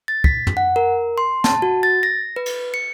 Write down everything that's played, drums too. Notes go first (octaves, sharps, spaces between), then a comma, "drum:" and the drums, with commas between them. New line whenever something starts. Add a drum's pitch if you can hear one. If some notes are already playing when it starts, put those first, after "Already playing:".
A6
B6, drum: kick
drum: tom
F#5
A#4
C6
A5, drum: snare
F#4
A6
A#6
B4
drum: cymbal
C#7